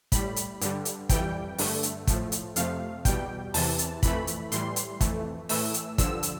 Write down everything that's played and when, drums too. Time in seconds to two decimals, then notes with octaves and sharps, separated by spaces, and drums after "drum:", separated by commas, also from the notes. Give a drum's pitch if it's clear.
0.12 A2 G3 B5, drum: kick, hi-hat
0.36 drum: hi-hat
0.61 G2 D3 G3, drum: hi-hat
0.85 drum: hi-hat
1.09 F2 E3 G3 G5, drum: kick, hi-hat
1.58 G2 D3 A3, drum: open hi-hat
1.83 drum: hi-hat
2.07 A2 F3 A3, drum: kick, hi-hat
2.32 drum: hi-hat
2.56 F2 C3 F3 A3 F5, drum: hi-hat
3.05 E2 B2 G3 G5, drum: kick, hi-hat
3.54 E2 C3 E3 A5, drum: open hi-hat
3.78 drum: hi-hat
4.03 F2 E3 A3 B5, drum: kick, hi-hat
4.27 drum: hi-hat
4.52 A2 E3 G3 C6, drum: hi-hat
4.76 drum: hi-hat
5.01 F2 E3 A3, drum: kick, hi-hat
5.49 A2 E3 A3 E6, drum: open hi-hat
5.74 drum: hi-hat
5.98 G2 D3 F3 E6, drum: kick, hi-hat
6.23 drum: hi-hat